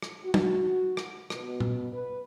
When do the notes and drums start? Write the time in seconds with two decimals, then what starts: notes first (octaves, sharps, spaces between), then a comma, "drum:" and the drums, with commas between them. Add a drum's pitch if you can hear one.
0.02 drum: rim click
0.25 F#4
0.34 drum: tom
0.97 drum: rim click
1.30 B2, drum: rim click
1.60 drum: tom
1.92 B4